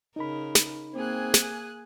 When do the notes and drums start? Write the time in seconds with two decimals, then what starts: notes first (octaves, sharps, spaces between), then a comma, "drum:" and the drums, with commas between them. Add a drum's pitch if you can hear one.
0.16 C#3 D#4 A#4 B5
0.55 drum: snare
0.94 A#3 C4 G#4 G#5 F#6
1.34 drum: snare